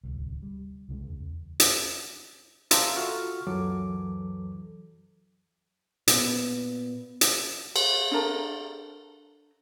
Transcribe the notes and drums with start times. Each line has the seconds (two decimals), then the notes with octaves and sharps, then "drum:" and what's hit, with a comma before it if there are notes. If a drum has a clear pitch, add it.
0.04 D1 C2
0.42 G3
0.89 C2 C#3 G#3
1.10 E2
1.60 drum: hi-hat
2.71 E5 F5 A5 A#5 C6 E6, drum: hi-hat
2.96 F4 F#4 A4 F#5 C#6 F6
3.47 C#2 F#2 E3 F#3 A4 D6
6.08 A#2 B3, drum: hi-hat
7.21 drum: hi-hat
7.76 drum: cymbal
8.11 D4 A4 A#4 A#5